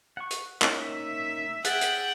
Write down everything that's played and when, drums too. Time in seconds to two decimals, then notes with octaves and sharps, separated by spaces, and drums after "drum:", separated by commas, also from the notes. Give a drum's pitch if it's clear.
0.17 F#5 C#6
0.31 drum: hi-hat
0.62 A#3 C#4 D#4 E5, drum: clap
1.65 G#4 F#5 G5 F#6 A6 F#7, drum: hi-hat
1.81 drum: hi-hat